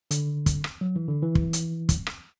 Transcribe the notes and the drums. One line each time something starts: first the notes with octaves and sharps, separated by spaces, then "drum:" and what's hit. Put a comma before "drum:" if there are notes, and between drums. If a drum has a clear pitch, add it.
D3, drum: hi-hat
drum: kick, hi-hat
drum: rim click
F#3
E3
D3
E3
drum: kick
drum: hi-hat
drum: kick, hi-hat
drum: rim click